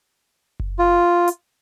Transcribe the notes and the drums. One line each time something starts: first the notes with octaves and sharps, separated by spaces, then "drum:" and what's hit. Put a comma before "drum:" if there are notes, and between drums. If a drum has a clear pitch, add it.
drum: kick F#1
F4
drum: hi-hat